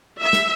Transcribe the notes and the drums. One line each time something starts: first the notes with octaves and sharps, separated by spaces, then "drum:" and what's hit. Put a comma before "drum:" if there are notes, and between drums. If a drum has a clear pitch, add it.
E5
drum: snare